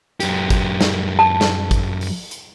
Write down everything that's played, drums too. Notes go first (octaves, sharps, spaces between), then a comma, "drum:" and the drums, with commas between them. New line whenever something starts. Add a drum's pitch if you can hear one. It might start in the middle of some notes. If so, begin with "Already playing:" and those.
F#2 G4, drum: hi-hat
drum: kick, hi-hat
drum: snare
A5
drum: snare
drum: kick, hi-hat
drum: open hi-hat
drum: hi-hat